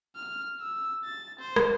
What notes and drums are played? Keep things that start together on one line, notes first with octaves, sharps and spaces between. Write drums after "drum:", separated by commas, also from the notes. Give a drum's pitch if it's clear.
F6
E6
A6
C5
drum: rim click